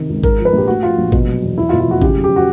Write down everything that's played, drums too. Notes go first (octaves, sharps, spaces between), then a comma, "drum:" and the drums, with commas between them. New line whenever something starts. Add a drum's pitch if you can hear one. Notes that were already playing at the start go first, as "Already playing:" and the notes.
Already playing: C3 D#3
C#2
G#2 A#4, drum: kick G#1
F3
B4
A#1 G4
A2 F#4
F3 F4
A#1
B2, drum: kick G#1
F#3
E2
E2 E4
F4
B2
F4
F1 F#4
C#3 G4, drum: kick G#1
F#3
G4
F#4